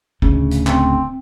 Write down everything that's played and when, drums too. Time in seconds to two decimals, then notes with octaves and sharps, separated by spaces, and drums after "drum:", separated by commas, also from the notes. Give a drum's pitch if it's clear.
0.22 D1 D2 C#3, drum: kick
0.51 drum: hi-hat
0.67 C4, drum: clap